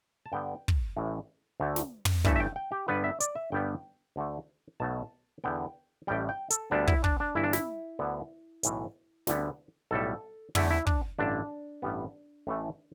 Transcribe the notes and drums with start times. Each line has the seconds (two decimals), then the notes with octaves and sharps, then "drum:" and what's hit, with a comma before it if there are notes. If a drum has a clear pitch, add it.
0.26 A5
0.32 G2 D3 B3 G5
0.68 drum: kick
0.97 A1 A2 E3
1.60 D2 D3 A3
1.76 drum: snare
2.05 drum: tom
2.25 G1 G2 E3 A3 E5, drum: kick
2.36 E5
2.40 G5
2.56 G5
2.72 G4
2.88 G1 G2 G3 B3 B4
3.04 E5
3.20 D5, drum: hi-hat
3.35 E5
3.52 G1 G2 G3 B3 G5
4.16 D2 D3 A3
4.80 B1 B2 A3 A5
5.44 E2 D3 B3 G5
6.07 A1 A2 G3 G5
6.29 G5
6.50 A4, drum: hi-hat
6.71 D2 D3 G3 B3 D4
6.87 E4, drum: kick
7.04 D4, drum: kick
7.20 D4
7.35 G1 G2 E3 E4
7.44 D4
7.53 E4, drum: snare
7.99 D2 D3 B3
8.63 B1 A2 E3, drum: hi-hat
9.27 D2 D3 G3 B3, drum: snare
9.91 B1 A2 G3 A4
10.55 E2 D3 A3 E4, drum: tom
10.71 E4
10.87 D4, drum: kick
11.19 A1 G2 D3 D4
11.82 A1 G2 G3 B3
12.47 A1 A2 E3 A3